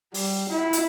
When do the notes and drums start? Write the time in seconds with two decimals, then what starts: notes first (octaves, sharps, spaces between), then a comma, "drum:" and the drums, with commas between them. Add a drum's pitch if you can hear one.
0.14 G3, drum: open hi-hat
0.50 E4
0.73 drum: hi-hat